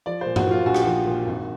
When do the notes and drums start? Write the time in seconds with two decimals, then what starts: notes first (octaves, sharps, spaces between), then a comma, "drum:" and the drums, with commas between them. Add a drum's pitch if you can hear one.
0.06 F3 D5
0.21 A#2 C5
0.36 F#4, drum: tom G2
0.46 F3 F4
0.66 A#1 F#4
0.75 G4, drum: rim click
0.82 F3 F#4
1.06 A#2
1.26 G#1